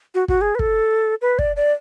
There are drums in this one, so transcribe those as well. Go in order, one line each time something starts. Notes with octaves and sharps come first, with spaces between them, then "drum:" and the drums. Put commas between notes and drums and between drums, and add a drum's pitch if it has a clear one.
F#4
F#4, drum: kick
G#4
B4
A4, drum: kick
B4
D5, drum: kick
D5